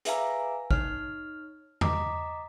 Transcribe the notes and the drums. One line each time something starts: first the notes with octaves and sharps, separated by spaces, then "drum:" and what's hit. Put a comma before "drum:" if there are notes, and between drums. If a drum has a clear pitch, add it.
G#4 B4 E5 F5 G#5 A#5, drum: hi-hat
D#4 C#5 F6, drum: kick G#1
D#5 A#5 D6 B6, drum: tom E2